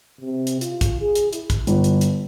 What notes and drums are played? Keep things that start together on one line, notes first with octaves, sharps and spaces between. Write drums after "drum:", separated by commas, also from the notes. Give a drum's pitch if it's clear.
C3
drum: hi-hat
F4, drum: hi-hat
drum: kick, hi-hat
G#4
drum: hi-hat
E4, drum: hi-hat
drum: kick, hi-hat
G1, drum: hi-hat
drum: hi-hat
drum: hi-hat